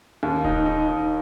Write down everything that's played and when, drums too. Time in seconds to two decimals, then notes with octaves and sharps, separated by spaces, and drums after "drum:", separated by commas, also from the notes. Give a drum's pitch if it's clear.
0.23 D#2, drum: tom C#4
0.44 D#4, drum: kick D1
0.66 D#4
0.88 D#4